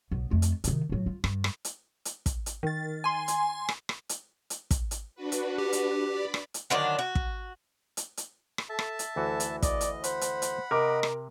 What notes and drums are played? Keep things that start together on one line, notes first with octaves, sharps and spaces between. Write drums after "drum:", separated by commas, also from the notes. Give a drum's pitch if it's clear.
B1 B3
F2 A3
drum: hi-hat
C3 D#3, drum: hi-hat
A2 F#3
F4
G2, drum: rim click
drum: rim click
drum: hi-hat
drum: hi-hat
drum: kick, hi-hat
drum: hi-hat
D#3 A6
G#5 C6
drum: hi-hat
drum: rim click
drum: rim click
drum: hi-hat
drum: hi-hat
drum: kick, hi-hat
drum: hi-hat
D4 F#4 B4
drum: hi-hat
G4
drum: hi-hat
D5 B5
drum: rim click
drum: hi-hat
D3 D#3 F#3 D4
F#4
drum: kick
drum: hi-hat
drum: hi-hat
drum: rim click
A4 E5 A5
drum: rim click
drum: hi-hat
D2 E3 F#4 A4
drum: hi-hat
D5 D#5, drum: kick, hi-hat
drum: hi-hat
C5 F#5 B5, drum: hi-hat
drum: hi-hat
drum: hi-hat
C3 A#4 D#5 D6
drum: rim click